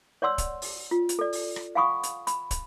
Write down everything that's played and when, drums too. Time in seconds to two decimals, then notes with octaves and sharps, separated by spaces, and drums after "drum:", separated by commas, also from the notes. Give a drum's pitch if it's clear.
0.22 C#5 D5 F#5 C6 E6
0.38 drum: kick, hi-hat
0.62 drum: open hi-hat
0.91 F4
1.09 drum: hi-hat
1.19 A4 D5
1.33 drum: open hi-hat
1.56 drum: rim click
1.75 F5 F#5 G#5 B5 C#6 D#6
2.03 drum: hi-hat
2.27 B5, drum: hi-hat
2.51 drum: kick, hi-hat